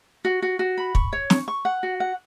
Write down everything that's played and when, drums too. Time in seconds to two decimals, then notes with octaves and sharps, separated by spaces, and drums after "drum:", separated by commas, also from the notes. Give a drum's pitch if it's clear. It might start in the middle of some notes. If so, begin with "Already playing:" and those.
0.25 F#4
0.42 F#4
0.59 F#4
0.78 B5
0.95 C#6, drum: kick
1.13 C#5
1.30 C#6, drum: snare
1.48 C#6
1.65 F#5
1.83 F#4
2.00 F#5